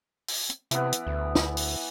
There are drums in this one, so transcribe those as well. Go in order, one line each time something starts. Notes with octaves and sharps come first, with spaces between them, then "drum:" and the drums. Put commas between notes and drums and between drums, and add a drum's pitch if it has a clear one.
drum: open hi-hat
drum: hi-hat
C3 E3 B3, drum: hi-hat
drum: hi-hat
D2
drum: snare
drum: open hi-hat